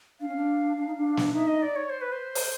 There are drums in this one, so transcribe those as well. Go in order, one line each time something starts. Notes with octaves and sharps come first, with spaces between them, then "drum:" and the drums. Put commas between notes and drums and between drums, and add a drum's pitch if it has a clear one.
D4 F5
C#4
D4
D4
D#4
D4
drum: snare
D#4 E5
D#5
D5
C#5
C5
B4
C5
drum: open hi-hat